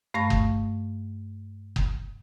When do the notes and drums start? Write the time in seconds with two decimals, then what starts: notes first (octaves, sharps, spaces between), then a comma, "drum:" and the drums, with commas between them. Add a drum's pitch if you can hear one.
0.14 G2 A3 F5 B5 C#6 A#6
0.30 drum: kick F#1
1.76 drum: kick F#1